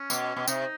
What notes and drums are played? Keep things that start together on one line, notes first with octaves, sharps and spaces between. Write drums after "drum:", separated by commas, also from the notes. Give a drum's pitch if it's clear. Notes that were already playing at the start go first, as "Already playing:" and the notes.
Already playing: C#4
B2, drum: tambourine
B2
C3 D#4, drum: tambourine